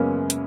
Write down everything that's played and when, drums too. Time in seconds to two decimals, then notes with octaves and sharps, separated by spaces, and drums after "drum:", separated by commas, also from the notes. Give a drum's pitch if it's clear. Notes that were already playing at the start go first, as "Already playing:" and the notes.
Already playing: F#2 C#3 G#3 A#3 B3 C#4
0.30 drum: hi-hat